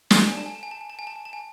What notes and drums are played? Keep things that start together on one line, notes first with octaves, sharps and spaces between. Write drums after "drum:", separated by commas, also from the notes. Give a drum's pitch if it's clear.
G#5, drum: snare
A5
G#5
A5
G#5
A5
G#5
A5
G#5
A5
G#5
A5
G#5
A5
G#5